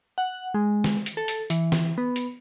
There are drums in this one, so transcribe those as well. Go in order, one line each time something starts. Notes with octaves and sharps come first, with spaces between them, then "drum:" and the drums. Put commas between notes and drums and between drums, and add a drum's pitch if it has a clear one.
F#5
G#3
drum: snare
drum: hi-hat
A4
drum: hi-hat
E3, drum: hi-hat
drum: snare
B3
drum: hi-hat